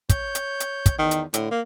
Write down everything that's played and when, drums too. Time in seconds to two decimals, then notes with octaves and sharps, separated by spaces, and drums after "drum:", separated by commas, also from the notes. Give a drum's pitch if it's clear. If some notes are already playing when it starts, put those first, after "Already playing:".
0.09 C#5 G6, drum: kick, hi-hat
0.35 drum: hi-hat
0.60 drum: hi-hat
0.86 drum: kick, hi-hat
0.99 E2 D#3
1.11 drum: hi-hat
1.34 A2 D3, drum: hi-hat
1.51 A#3